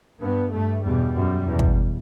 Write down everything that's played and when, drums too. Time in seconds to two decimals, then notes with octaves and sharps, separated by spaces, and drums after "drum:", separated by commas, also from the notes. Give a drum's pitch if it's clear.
0.21 G2 B3
0.53 G2 A3
0.84 E2 B2 G3
1.16 F#2
1.47 E2 B2
1.59 drum: kick